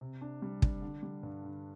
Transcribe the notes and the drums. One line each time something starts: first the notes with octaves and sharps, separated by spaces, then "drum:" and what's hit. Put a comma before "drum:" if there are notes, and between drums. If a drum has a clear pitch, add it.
C3
D4
G3
D4, drum: kick
D3
G3
G2
D3